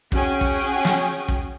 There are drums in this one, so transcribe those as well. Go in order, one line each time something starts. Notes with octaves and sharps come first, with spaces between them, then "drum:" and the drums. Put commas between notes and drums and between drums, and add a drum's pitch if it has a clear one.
C#4 F#4 G#4 G5 G#5, drum: kick
drum: kick
drum: snare
drum: kick